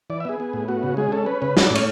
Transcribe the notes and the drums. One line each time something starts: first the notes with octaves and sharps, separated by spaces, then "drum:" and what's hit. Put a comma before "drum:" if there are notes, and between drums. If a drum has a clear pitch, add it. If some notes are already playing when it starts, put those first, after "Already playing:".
E3 D5
E5
B3 G#4
B3
A2
B3 F#4
C#3
G#3 G#4
C#4 A4
C#4 B4
C#3 B4
C#4 F#4, drum: snare
D5
A2
C#5, drum: cymbal